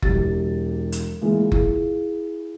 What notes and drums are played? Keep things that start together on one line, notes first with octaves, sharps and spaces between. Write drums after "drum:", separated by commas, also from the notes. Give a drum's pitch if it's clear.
E1 F#3 G4 A6, drum: kick F#1
drum: hi-hat
E3 G#3 A#3 F4
E4 F4 G#4, drum: kick F#1